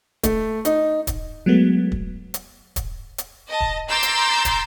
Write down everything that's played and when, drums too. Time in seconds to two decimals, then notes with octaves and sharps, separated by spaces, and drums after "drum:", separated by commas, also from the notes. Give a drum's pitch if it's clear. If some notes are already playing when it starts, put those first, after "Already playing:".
0.23 A3, drum: kick, hi-hat
0.65 D#4, drum: hi-hat
1.07 drum: kick, hi-hat
1.46 F#3 G#3 A3 B3
1.92 drum: kick
2.34 drum: hi-hat
2.76 drum: kick, hi-hat
3.18 drum: hi-hat
3.48 D#5 A5
3.61 drum: kick
3.88 A#5 C6 D6 E6 G6 A6
4.03 drum: hi-hat
4.45 drum: kick, hi-hat